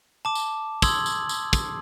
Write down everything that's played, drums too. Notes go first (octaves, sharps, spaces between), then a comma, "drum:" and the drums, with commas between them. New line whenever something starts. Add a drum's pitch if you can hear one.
A5 D6
drum: tambourine
C6 D#6 E6 G#6 F#7, drum: kick, tambourine
drum: tambourine
drum: tambourine
drum: kick, tambourine